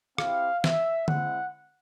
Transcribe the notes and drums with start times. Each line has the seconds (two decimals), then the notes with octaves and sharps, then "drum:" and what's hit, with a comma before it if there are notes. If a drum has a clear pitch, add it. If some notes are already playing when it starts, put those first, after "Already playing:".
0.18 C4 E4 G4 F5, drum: rim click
0.64 E5, drum: snare
1.08 G#3 C4 E4 F#5, drum: tom D3